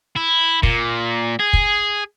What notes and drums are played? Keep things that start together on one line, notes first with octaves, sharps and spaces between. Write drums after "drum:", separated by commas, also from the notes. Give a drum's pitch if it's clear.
E4
A#2, drum: kick
G#4
drum: kick